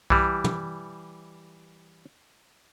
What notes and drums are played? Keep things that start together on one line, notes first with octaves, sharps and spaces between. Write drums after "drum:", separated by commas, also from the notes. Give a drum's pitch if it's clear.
E3 G3, drum: kick B1
drum: tom